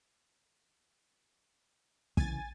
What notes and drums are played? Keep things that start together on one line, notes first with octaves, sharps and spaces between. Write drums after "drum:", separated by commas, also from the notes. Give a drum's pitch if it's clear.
C2 C#3 E3 G#5 A6, drum: kick